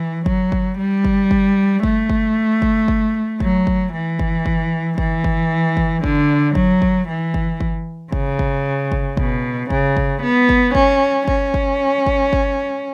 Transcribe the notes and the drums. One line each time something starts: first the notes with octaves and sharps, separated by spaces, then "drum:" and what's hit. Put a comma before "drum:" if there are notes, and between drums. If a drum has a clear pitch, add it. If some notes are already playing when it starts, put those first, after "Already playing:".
Already playing: E3
F#3, drum: kick G1
drum: kick G1
G3
drum: kick G1
drum: kick G1
A3, drum: kick G1
drum: kick G1
drum: kick G1
drum: kick G1
F#3, drum: kick G1
drum: kick G1
E3
drum: kick G1
drum: kick G1
E3, drum: kick G1
drum: kick G1
drum: kick G1
D3, drum: kick G1
F#3, drum: kick G1
drum: kick G1
E3
drum: kick G1
drum: kick G1
C#3, drum: kick G1
drum: kick G1
drum: kick G1
B2, drum: kick G1
C#3, drum: kick G1
drum: kick G1
B3
drum: kick G1
C#4, drum: kick G1
C#4, drum: kick G1
drum: kick G1
drum: kick G1
drum: kick G1